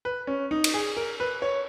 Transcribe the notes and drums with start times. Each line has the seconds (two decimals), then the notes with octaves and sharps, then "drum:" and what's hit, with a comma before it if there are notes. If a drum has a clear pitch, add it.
0.05 B4
0.27 C#4
0.51 D#4
0.64 drum: cymbal
0.74 G#4
0.97 A#4
1.20 B4
1.42 C#5